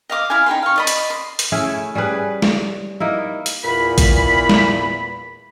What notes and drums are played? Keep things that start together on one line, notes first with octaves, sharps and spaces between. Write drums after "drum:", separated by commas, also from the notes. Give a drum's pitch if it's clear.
D#5 F5 D6 D#6
E4 F5 G#5
D#4 G#4 G5 C6
F5 C#6
D5 D#5 B5
drum: hi-hat
C6
drum: hi-hat
A3 C#4 E4 G#4
G3 C#4 G#4 B4
drum: snare
A#3 D#4 E4
drum: hi-hat
E2 A#2 B5
drum: kick, hi-hat
drum: snare